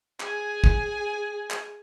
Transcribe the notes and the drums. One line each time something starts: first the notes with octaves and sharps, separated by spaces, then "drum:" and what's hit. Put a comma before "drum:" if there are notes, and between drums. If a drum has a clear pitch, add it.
G#4 G#5, drum: clap
drum: kick
drum: clap